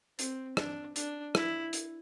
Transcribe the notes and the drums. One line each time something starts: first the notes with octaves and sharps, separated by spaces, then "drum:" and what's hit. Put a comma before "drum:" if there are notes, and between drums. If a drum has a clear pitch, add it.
C4, drum: hi-hat
D4, drum: rim click
D4, drum: hi-hat
E4, drum: rim click
drum: hi-hat